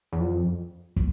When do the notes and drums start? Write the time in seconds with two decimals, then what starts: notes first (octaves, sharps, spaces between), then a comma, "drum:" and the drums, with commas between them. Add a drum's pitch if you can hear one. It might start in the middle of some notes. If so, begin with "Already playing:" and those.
0.12 E2
0.20 F2
0.96 drum: kick